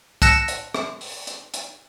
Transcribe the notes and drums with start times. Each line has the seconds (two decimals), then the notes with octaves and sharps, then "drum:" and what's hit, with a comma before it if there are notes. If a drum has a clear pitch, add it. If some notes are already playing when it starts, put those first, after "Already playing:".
0.22 A5 E6 F#6 A#6 C#7 E7, drum: kick, hi-hat
0.48 drum: hi-hat
0.74 drum: rim click
1.01 drum: open hi-hat
1.27 drum: hi-hat
1.54 drum: hi-hat